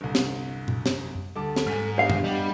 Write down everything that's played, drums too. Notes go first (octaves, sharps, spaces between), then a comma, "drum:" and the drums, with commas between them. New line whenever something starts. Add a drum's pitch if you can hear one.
G1 C2
drum: snare
F#2, drum: tom A#2
drum: snare
D2 G3 A4 A5 D6
drum: snare
G#2 G#4 F6 B6
B3 D4 G4 F5
drum: tom F#2
G3 D#5 F#5